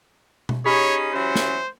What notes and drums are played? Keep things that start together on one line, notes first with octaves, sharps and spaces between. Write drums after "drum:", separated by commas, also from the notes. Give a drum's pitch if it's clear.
drum: tom B2
C#4 D#4 G4 G#4 C#5 B5 B6
E3 F#3 C#4 C5
drum: snare